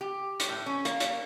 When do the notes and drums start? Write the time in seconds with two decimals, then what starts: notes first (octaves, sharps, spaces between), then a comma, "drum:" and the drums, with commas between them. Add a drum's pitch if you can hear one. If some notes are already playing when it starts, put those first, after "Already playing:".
0.01 G4
0.40 drum: hi-hat
0.49 A2
0.66 C#4
0.85 A#3, drum: hi-hat
1.00 drum: hi-hat